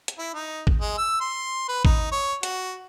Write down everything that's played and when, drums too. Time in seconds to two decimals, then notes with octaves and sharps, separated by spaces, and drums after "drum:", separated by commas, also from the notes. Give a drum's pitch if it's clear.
0.08 drum: hi-hat
0.18 E4
0.34 D#4
0.67 drum: kick
0.81 G#3
0.98 E6
1.21 C6
1.68 B4
1.85 D#4, drum: kick
2.12 C#5
2.43 F#4, drum: hi-hat